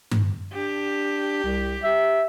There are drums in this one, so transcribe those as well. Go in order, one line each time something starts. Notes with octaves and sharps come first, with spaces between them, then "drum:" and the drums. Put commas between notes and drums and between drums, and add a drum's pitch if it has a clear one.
drum: tom G2
D4 G4
C2
G4 E5